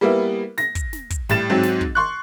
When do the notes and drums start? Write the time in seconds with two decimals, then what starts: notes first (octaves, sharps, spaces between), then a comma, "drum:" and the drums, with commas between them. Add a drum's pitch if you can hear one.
0.01 G3 A#3 B3 E4
0.58 A#6, drum: snare
0.75 drum: kick, hi-hat
0.93 drum: snare
1.10 drum: kick, hi-hat
1.29 A2 G3 A6 E7, drum: snare
1.50 G#2 F#3 C4
1.63 drum: snare
1.81 drum: kick
1.95 C6 C#6 F#6